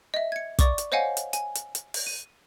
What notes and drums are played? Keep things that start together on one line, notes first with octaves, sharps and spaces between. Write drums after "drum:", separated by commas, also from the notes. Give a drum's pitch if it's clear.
D#5 E5
G#6 C#7
D5 C#6 D6, drum: kick, hi-hat
drum: hi-hat
C5 C#5 D#5 F5 F#5 G#5
drum: hi-hat
G#5, drum: hi-hat
drum: hi-hat
drum: hi-hat
drum: open hi-hat
D#7